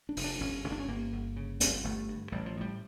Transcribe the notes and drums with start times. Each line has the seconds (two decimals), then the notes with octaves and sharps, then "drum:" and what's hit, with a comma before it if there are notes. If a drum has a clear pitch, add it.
0.09 D4
0.17 F1, drum: open hi-hat
0.24 D4
0.41 G1 C#4
0.64 G1 C#4
0.72 D4
0.79 C#4
0.88 G1 A#3
1.13 G1
1.36 C#3
1.61 G1, drum: hi-hat
1.84 G1 A3
2.08 G2
2.32 A1 G3
2.46 F3
2.57 A2 G3